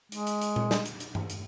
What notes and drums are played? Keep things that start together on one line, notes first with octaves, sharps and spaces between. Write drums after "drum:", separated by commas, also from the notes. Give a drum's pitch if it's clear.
G#3, drum: hi-hat
drum: hi-hat
drum: hi-hat
drum: tom A#2
drum: snare
drum: hi-hat
drum: hi-hat
drum: tom G2
drum: hi-hat